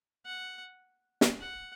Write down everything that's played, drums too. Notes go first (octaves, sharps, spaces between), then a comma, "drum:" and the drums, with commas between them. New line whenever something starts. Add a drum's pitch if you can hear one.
F#5
drum: snare
F#5